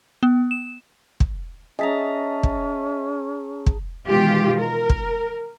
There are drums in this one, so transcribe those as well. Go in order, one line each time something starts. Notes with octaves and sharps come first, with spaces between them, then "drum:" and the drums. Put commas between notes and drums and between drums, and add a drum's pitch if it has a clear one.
B3
E7
drum: kick
C#4 G#4 D#5 E5 A5 A#5 B6
drum: kick
drum: kick
B2 D#3 E3 G#3 F4 G4
A#4
drum: kick